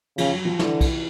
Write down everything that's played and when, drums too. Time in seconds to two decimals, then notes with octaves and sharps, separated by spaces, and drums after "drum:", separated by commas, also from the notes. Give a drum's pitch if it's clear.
0.18 C#3 F3, drum: cymbal
0.32 F#3
0.45 F3
0.59 D3 E3, drum: snare
0.81 drum: kick, cymbal